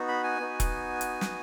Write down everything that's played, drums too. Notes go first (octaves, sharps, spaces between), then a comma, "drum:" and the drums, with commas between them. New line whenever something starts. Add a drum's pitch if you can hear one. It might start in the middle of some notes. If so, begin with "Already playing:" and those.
Already playing: B3 D#4 F#4
B5
G#5
B3 D#4 F#4
drum: kick E1, hi-hat
drum: hi-hat
drum: snare